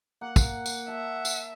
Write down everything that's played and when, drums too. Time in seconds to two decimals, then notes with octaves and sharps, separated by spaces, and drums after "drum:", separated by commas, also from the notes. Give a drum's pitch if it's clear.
0.21 A#3 F#5
0.36 drum: kick, tambourine
0.66 drum: tambourine
0.88 E5 A5
1.25 drum: tambourine